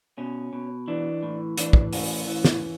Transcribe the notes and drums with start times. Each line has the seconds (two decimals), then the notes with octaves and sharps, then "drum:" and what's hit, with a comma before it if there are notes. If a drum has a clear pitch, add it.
0.18 B2 C#4
0.53 B2
0.88 E3 D4
1.23 A2
1.58 E3 D4, drum: hi-hat
1.73 drum: kick
1.93 A2 C#4, drum: open hi-hat
2.27 E3
2.45 drum: snare